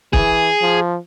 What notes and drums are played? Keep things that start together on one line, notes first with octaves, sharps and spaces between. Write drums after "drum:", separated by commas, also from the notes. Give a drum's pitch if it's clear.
E3 G#4, drum: kick
F3